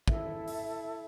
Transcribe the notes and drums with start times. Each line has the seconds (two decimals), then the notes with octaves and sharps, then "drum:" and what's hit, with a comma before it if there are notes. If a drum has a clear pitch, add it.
0.08 E4 A4 E5, drum: kick
0.48 drum: open hi-hat